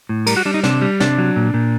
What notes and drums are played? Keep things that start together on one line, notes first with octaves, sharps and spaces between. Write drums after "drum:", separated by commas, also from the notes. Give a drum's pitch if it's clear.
A2
G3 A#4, drum: cymbal
F#4
G3 D4
D#4
C3 D4, drum: snare
G3
C3 D4, drum: snare
F#3
A#2
A#2